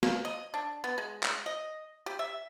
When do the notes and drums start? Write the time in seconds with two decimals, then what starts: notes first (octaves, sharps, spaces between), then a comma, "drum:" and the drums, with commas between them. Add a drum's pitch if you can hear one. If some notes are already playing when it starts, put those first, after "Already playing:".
0.03 A#3, drum: snare
0.25 D#5
0.54 D4
0.84 B3
0.98 G#3
1.23 drum: clap
1.46 D#5
2.06 G4
2.19 E5